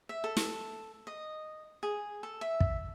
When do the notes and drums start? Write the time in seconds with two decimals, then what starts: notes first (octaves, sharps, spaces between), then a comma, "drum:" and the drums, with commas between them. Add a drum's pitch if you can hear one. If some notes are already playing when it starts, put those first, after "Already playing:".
0.09 E5
0.24 A4
0.37 drum: snare
1.07 D#5
1.83 G#4
2.23 A4
2.41 E5
2.60 drum: kick